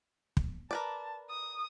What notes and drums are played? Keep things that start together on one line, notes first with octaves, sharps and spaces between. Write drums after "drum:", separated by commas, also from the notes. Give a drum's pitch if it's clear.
drum: kick
A#4 B4 D5 A5
D#6